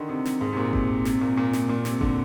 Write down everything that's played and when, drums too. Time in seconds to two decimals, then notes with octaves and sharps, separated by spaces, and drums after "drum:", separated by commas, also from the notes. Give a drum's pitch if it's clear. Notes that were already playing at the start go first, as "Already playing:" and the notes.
Already playing: D3 D#3
0.09 C3
0.25 drum: snare
0.41 G#2
0.52 C3
0.57 A#2
0.73 C3, drum: kick G1
1.05 C3, drum: snare
1.21 A#2
1.37 A#2
1.53 drum: snare
1.69 A#2
1.85 C3, drum: snare
2.01 D3, drum: kick G1